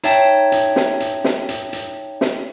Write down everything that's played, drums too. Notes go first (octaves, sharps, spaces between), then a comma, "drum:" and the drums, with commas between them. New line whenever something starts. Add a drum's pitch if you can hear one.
D#4 C#5 E5 G5 A5, drum: hi-hat
drum: hi-hat
drum: snare
drum: hi-hat
drum: snare
drum: hi-hat
drum: hi-hat
drum: snare